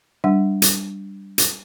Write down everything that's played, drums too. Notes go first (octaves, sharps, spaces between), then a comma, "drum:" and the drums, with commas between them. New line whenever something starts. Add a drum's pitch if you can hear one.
G3 D4 F#5
drum: hi-hat
drum: hi-hat